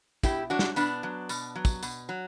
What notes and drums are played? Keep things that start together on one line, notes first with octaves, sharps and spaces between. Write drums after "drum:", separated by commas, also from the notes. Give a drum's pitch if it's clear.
B2 E4 G4, drum: kick, tambourine
F#3 D4 F#4
drum: snare
B2 B3 D4, drum: tambourine
F#3
B2, drum: tambourine
F#3
drum: kick, tambourine
B2, drum: tambourine
F#3